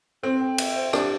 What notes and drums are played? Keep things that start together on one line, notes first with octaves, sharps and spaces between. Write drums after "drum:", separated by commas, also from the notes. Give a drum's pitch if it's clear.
C4 A4
G5
E5, drum: cymbal
C5
D4 G4, drum: rim click